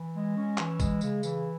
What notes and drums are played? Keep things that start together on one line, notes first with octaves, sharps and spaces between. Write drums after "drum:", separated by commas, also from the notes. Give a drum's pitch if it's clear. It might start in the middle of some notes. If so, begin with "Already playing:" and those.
Already playing: E3
G#3
C#4
E3, drum: clap
G#3, drum: kick A1, tambourine
C#3, drum: tambourine
E3, drum: tambourine